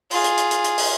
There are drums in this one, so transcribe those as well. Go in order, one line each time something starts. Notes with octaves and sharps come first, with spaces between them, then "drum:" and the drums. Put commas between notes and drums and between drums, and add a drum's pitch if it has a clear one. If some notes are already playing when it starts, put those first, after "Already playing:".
F4 G#4, drum: open hi-hat
drum: hi-hat
drum: hi-hat
drum: hi-hat
drum: hi-hat
drum: open hi-hat